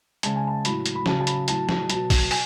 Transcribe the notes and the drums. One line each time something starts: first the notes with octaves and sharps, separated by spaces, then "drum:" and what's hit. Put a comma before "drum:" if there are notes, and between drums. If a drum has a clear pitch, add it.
C#3 G#3 A5, drum: hi-hat
G#5
A5
A2 F#3 B5, drum: hi-hat
drum: hi-hat
B5
C#3 F#3 A5, drum: snare
A5
B5, drum: hi-hat
A2 F#3 A5, drum: hi-hat
drum: snare
B2 F#3 A5, drum: hi-hat
drum: kick, open hi-hat
G#5, drum: open hi-hat